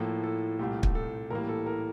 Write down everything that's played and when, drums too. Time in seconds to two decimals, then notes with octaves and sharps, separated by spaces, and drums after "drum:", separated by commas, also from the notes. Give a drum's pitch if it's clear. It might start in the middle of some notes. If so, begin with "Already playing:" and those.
Already playing: A2 F3 A#3 A4
0.23 A4
0.59 C2 A#2 A3 G4
0.83 drum: kick
0.95 A4
1.30 A2 E3 G3 A#3 A#4
1.49 A4
1.66 A#4